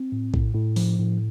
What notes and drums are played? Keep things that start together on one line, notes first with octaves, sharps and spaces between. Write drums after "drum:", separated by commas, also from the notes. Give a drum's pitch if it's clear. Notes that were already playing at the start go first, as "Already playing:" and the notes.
Already playing: C4
A2
A2, drum: kick
A2
F3, drum: open hi-hat
A2